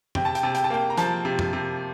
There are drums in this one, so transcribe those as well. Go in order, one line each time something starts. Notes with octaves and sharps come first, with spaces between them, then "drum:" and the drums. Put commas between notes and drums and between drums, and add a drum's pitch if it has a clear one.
C3 G5, drum: tom F2
A5
G5, drum: hi-hat
C3 A5
G5, drum: hi-hat
A5
A#3 G5
A#5
F3 A5, drum: hi-hat
C3
drum: tom F2
C3